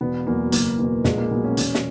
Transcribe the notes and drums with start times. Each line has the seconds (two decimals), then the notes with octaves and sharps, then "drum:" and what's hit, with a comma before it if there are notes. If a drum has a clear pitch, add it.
0.01 E1 B3
0.27 E2 B2 F#3 A#3
0.52 F#1 A#3, drum: hi-hat
0.79 E2 B2 A#3
1.04 A#1 G#3, drum: snare
1.18 A#3
1.31 A#2 F#3 B3
1.44 C#4
1.57 E1, drum: hi-hat
1.74 drum: snare